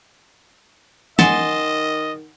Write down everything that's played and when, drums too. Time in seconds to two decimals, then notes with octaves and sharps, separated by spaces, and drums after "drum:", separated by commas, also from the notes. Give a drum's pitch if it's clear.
1.19 D#3 D#5 F#5 G#5 A5 C6, drum: snare